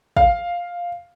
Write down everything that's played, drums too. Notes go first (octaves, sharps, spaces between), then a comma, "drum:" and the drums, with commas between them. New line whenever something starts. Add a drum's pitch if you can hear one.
F5, drum: kick